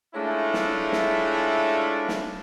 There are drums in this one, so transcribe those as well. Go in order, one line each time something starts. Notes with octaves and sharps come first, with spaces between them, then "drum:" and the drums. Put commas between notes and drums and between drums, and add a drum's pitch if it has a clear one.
G#3 A3 C#4 D4 E4 F4
drum: snare
drum: snare
drum: snare